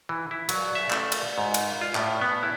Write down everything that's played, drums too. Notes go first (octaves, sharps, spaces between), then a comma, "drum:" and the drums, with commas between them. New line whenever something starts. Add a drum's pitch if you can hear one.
E3
E4
F#3, drum: cymbal
E5
A3, drum: clap
drum: cymbal
G#2
drum: cymbal
F4
A2, drum: clap
B3
E4